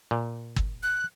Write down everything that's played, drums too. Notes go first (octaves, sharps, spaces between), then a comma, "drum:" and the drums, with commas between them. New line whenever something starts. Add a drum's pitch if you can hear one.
A#2
drum: kick
F#6